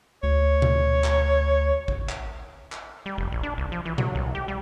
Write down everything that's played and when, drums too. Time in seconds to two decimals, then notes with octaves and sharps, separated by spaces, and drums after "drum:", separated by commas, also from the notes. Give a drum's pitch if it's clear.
0.23 D2 C#5
0.62 drum: tom A#2
1.04 drum: clap
1.88 drum: kick A1
2.09 drum: clap
2.72 drum: clap
3.06 G3
3.18 F1
3.32 A#1
3.43 D4
3.58 C2
3.72 F3
3.85 E3
3.98 F#3, drum: tom A#2
4.15 C2
4.35 G4
4.48 G3